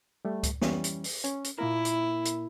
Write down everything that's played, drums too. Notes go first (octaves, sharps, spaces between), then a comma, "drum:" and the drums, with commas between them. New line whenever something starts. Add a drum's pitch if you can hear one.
G3 A3
drum: kick C#2, hi-hat
E3 G3 C#4, drum: snare B3
drum: hi-hat
drum: open hi-hat
C#4, drum: hi-hat
drum: hi-hat
A#2 A#3 E4 A#4
drum: hi-hat
drum: hi-hat